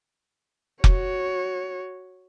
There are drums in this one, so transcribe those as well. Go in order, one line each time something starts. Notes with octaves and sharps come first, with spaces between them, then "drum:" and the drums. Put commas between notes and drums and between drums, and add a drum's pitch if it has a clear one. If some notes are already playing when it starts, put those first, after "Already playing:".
F#4 C#5, drum: kick F1